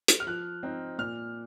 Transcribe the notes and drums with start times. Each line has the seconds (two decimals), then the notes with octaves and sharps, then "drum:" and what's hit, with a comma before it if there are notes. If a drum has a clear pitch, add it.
0.08 drum: hi-hat
0.20 F6
0.27 F3 F#6
0.63 C4 D#4
0.98 A#2 F6